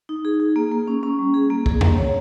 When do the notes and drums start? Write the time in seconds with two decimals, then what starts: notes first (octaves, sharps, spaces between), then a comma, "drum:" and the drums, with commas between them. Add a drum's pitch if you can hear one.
0.09 D#4
0.25 G#4
0.40 G#4
0.56 A#3
0.71 A#3
0.88 C#4
1.03 C#4
1.19 G3
1.34 G#4
1.50 A#3
1.66 G#4, drum: kick
1.81 A#3, drum: tom E2
1.97 C#5